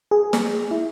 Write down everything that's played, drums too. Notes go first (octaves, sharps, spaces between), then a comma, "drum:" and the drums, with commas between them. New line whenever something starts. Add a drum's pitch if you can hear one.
G#4
drum: snare
E4